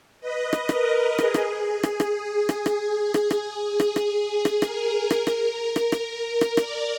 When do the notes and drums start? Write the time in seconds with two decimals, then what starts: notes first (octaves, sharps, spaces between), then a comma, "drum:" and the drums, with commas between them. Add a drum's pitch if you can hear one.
0.20 B4 D#5
0.53 drum: rim click
0.69 A#4, drum: rim click
1.18 G#4, drum: rim click
1.34 drum: rim click
1.83 drum: rim click
2.00 drum: rim click
2.16 G#4
2.49 drum: rim click
2.66 G#4, drum: rim click
3.14 drum: rim click
3.31 drum: rim click
3.80 drum: rim click
3.96 drum: rim click
4.45 drum: rim click
4.62 A#4, drum: rim click
5.11 A#4, drum: rim click
5.27 drum: rim click
5.76 drum: rim click
5.92 drum: rim click
6.41 drum: rim click
6.57 A#4 D5, drum: rim click